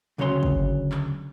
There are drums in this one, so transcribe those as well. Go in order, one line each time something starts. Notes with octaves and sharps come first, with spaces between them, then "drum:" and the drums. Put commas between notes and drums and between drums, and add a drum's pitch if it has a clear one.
D2 C#3 F#3 C#4 C#5 C6
drum: kick
drum: clap